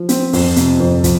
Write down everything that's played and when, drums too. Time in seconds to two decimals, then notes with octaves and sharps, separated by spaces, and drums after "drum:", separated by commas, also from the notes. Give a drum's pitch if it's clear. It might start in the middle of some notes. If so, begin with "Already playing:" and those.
Already playing: F3
0.09 C4, drum: hi-hat
0.33 F2, drum: open hi-hat
0.56 C3, drum: hi-hat
0.80 F2
1.04 F3, drum: kick, hi-hat